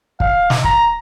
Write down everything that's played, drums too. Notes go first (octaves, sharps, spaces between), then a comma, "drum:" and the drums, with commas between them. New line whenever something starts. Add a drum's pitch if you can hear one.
F5, drum: kick
drum: snare
A#5, drum: kick